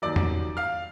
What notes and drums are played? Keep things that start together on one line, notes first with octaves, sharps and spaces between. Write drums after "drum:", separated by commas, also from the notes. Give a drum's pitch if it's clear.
D#2 D#3 F#3 D5 D6
drum: tom E2
F5 F6